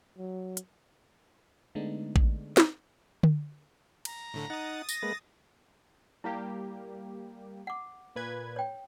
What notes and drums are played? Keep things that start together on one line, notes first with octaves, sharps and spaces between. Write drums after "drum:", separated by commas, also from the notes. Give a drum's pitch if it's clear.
F#3
drum: hi-hat
D3 G#3 A3 B3 D4 D#4
drum: kick A1
drum: snare
drum: tom D3
A#5, drum: cymbal
A2 D3 A3
D#4 F#5 D#6 A6
A#6, drum: tambourine
G#3 A#3 B4
G3 A#3 E4 G4 F5
F#5 D6
A#2 B4 G#6
C#5 G5